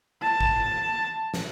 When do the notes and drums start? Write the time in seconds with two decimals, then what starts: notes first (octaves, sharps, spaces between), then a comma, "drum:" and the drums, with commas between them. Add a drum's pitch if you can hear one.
0.22 A5
0.41 drum: kick
1.34 drum: snare